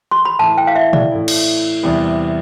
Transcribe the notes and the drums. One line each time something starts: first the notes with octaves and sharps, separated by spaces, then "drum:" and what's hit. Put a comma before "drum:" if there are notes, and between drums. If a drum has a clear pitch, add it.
C6
B5
A2 E3 A3 E4 A5
G5
F5
E5
D5, drum: tom A#2
A2 E3 A3 E4
drum: cymbal
E2 C3 G3 B3 E4